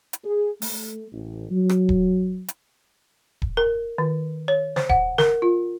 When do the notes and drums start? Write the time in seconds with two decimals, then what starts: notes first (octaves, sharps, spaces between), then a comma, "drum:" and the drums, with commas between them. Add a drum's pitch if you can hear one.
0.13 drum: hi-hat
0.24 G#4
0.62 A3, drum: open hi-hat
1.13 A1
1.51 F#3
1.69 drum: rim click
1.89 drum: kick D#1
2.48 drum: hi-hat
3.42 drum: kick D#1
3.57 A#4
3.98 D#3
4.48 C#5
4.76 C5, drum: snare
4.90 F#5, drum: kick D#1
5.18 A#4, drum: snare
5.42 F4